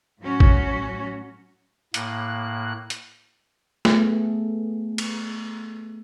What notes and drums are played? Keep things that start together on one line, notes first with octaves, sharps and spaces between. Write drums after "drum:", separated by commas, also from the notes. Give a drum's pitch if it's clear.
A2 F#3 C#4 F#4
drum: kick
A2 A#3 F#6, drum: hi-hat
drum: hi-hat
A3 B3 G#4, drum: snare
drum: cymbal